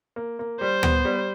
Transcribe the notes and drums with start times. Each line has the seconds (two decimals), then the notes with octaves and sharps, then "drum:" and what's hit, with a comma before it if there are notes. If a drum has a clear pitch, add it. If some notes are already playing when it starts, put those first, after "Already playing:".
0.16 A#3
0.39 A#3
0.61 G3 C5
0.83 B3, drum: tom D2
1.05 G3